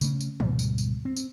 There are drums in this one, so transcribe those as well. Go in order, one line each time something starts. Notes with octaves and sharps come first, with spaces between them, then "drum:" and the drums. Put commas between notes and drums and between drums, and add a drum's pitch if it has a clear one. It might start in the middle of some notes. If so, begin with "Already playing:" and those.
C#3 A3 C#4, drum: tambourine
drum: tambourine
D2 G#2 B2 G3, drum: tom
drum: tambourine
drum: tambourine
C4
drum: tambourine